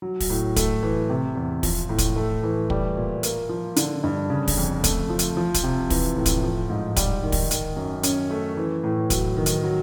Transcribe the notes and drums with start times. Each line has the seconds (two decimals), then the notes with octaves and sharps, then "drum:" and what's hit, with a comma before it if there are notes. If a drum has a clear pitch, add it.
0.02 F#3
0.20 drum: kick, open hi-hat
0.30 A2
0.56 A3, drum: kick, hi-hat
0.83 E3
1.10 C3
1.36 E2
1.63 F3, drum: kick, open hi-hat
1.89 A2
1.98 drum: kick, hi-hat
2.16 A3
2.44 E3
2.70 G3, drum: kick
2.97 A#2
3.23 A#3, drum: hi-hat
3.49 F3
3.76 D3, drum: hi-hat
4.04 G2
4.30 C#3
4.48 drum: kick, open hi-hat
4.57 F2
4.84 A3, drum: kick, hi-hat
5.10 F3
5.19 drum: hi-hat
5.37 F3
5.54 drum: kick, hi-hat
5.64 C3
5.90 E3, drum: kick, open hi-hat
6.16 A2
6.26 drum: kick, hi-hat
6.43 F3
6.69 G#2
6.96 G3, drum: kick, hi-hat
7.23 D#3
7.32 drum: kick, open hi-hat
7.51 D#3, drum: hi-hat
7.76 F#2
8.03 C#4, drum: hi-hat
8.31 A3
8.57 E3
8.84 A2
9.10 F#3, drum: kick, hi-hat
9.37 D#3
9.46 drum: hi-hat
9.64 F#3